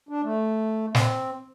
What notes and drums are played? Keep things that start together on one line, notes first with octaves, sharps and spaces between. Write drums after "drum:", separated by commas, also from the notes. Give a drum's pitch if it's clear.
D4
A3
C4, drum: snare